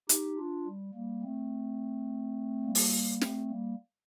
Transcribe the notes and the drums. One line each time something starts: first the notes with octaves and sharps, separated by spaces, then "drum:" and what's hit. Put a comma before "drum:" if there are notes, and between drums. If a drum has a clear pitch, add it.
D#4 G4, drum: hi-hat
D4 F4
G3
G3 A#3
A3 C4
G3 A#3
drum: open hi-hat
A3 C4, drum: snare
G3 A#3